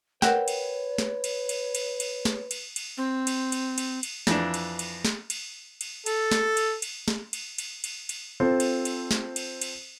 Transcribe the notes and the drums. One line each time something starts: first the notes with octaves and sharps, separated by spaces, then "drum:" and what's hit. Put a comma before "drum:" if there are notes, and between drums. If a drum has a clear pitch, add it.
A#4 B4 C#5 E5 F#5 G5 F#6, drum: snare
drum: cymbal
drum: snare
drum: cymbal
drum: cymbal
drum: cymbal
drum: cymbal
drum: snare
drum: cymbal
drum: cymbal
C4
drum: cymbal
drum: cymbal
drum: cymbal
drum: cymbal
F2 E3 D4, drum: snare
drum: cymbal
drum: cymbal
drum: snare
drum: cymbal
drum: cymbal
A4, drum: cymbal
drum: snare
drum: cymbal
drum: cymbal
drum: snare
drum: cymbal
drum: cymbal
drum: cymbal
drum: cymbal
C4 F4 A4 C5
drum: cymbal
drum: cymbal
drum: snare
drum: cymbal
drum: cymbal